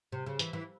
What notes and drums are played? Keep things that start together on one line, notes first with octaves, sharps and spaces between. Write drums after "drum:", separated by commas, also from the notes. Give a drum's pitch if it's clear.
C3
C#3
E3, drum: hi-hat
E3